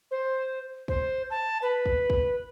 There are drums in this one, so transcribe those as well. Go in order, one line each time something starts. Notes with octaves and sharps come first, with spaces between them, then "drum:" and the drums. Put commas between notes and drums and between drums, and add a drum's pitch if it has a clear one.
C5
C5, drum: kick
A5
B4
drum: kick
drum: kick